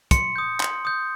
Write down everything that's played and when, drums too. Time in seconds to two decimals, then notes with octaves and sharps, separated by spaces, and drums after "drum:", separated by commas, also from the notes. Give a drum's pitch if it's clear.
0.11 C6 C#7, drum: kick, hi-hat
0.36 D#6 G6
0.60 C6, drum: clap
0.85 D#6 G6